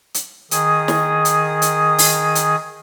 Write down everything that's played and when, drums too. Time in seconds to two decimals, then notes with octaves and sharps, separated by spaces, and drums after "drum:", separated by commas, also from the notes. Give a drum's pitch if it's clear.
0.14 drum: hi-hat
0.51 D#3 G#4 D#6, drum: hi-hat
0.88 drum: snare
1.25 drum: hi-hat
1.62 drum: hi-hat
1.99 drum: open hi-hat
2.35 drum: hi-hat